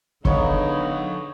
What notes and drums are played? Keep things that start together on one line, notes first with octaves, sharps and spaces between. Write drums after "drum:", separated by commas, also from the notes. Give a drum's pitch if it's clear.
D3 G#3 B3 D#4 A4 C#5 F5, drum: kick